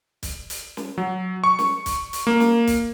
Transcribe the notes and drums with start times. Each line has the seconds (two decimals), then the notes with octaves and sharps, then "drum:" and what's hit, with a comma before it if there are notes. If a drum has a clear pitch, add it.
0.23 drum: kick, hi-hat
0.50 drum: hi-hat
0.77 drum: snare
0.98 F#3
1.44 C#6
1.59 drum: snare
1.86 drum: kick, hi-hat
2.13 drum: hi-hat
2.27 A#3
2.40 drum: snare
2.67 drum: kick, hi-hat